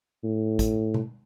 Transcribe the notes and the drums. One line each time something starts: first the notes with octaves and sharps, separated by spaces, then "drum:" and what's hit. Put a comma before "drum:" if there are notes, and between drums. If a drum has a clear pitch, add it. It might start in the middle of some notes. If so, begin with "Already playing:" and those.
A2
drum: kick, hi-hat
drum: tom B2